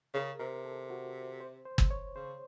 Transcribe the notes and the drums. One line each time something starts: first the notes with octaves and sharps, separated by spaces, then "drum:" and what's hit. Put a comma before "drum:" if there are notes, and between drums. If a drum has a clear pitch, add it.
C#3 A#4
C3 A#4
A4
F#4
C5
C5
drum: kick
C#5
C#3 C5